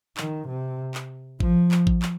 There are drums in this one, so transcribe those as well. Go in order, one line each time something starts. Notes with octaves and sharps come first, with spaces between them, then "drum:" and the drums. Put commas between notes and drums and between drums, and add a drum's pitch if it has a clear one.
D#3, drum: clap
C3
drum: clap
F3, drum: kick A1
drum: clap
drum: kick A1
drum: clap